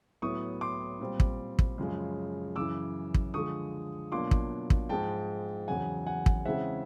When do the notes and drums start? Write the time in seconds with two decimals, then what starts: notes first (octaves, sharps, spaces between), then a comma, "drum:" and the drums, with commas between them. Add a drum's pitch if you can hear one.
0.22 A2 F#3 B3 E4 C#6 D#6
0.61 C6 D6
1.00 A#2 G3 C4
1.20 drum: kick
1.59 drum: kick
1.78 F#2 C#3 F3 G#3
2.56 F#2 C#3 E3 D6 E6
3.14 drum: kick
3.34 D3 F3 G#3 C#6 D#6
4.12 B2 F#3 A#3 D4 F4 C6 D6
4.31 drum: kick
4.70 drum: kick
4.89 G#2 F3 G#3 G5 A5
5.68 E2 C#3 F#3 F#5 G#5
6.06 F#5 G#5
6.26 drum: kick
6.45 C#3 E3 G#3 C4 E5 F#5